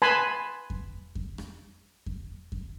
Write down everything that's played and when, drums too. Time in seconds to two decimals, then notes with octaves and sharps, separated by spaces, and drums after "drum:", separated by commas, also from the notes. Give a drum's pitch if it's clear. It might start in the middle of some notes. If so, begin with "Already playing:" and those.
0.02 B4 G#5 A5 B5 C6, drum: rim click
0.70 drum: kick F2
1.15 drum: kick F2
1.38 drum: rim click
2.06 drum: kick F2
2.52 drum: kick F2